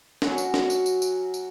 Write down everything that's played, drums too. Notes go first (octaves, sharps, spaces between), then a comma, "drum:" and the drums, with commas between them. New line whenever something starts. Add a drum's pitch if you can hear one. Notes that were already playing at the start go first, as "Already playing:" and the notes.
F#3 C#4 F#4, drum: snare
drum: tambourine
drum: snare
drum: tambourine
drum: tambourine
drum: tambourine
drum: tambourine